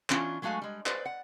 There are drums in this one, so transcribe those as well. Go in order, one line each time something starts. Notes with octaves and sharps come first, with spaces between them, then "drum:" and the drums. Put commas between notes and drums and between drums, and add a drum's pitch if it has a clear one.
E3 C#4 D4 F4, drum: clap
F#3 G#3 A3 F#4 F5 G#5
G3 G#3
B4 C5 D5, drum: clap
F#5